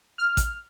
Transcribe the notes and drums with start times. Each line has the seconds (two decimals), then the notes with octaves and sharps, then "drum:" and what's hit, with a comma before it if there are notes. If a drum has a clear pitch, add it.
0.18 F6
0.37 drum: kick A1, hi-hat